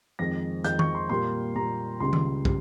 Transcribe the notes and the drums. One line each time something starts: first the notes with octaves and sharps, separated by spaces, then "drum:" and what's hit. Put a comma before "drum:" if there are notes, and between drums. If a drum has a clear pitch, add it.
F2 D#3 G#3 C4 A#6
F2 D#3 G#3 C4 G6, drum: hi-hat
C#6, drum: tom D#3
C6
A#2 G3 A#3 C6
A#2 G3 A#3 A#5
C#2 C#3 G3 C6
drum: tom D#3
G3, drum: kick